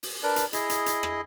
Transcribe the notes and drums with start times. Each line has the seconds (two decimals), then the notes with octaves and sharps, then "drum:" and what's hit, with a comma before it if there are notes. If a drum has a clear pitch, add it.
0.03 drum: open hi-hat
0.23 D4 A#4 B4 D5
0.36 drum: hi-hat
0.53 E4 G#4 D#5, drum: hi-hat
0.70 drum: hi-hat
0.86 drum: hi-hat
1.03 drum: rim click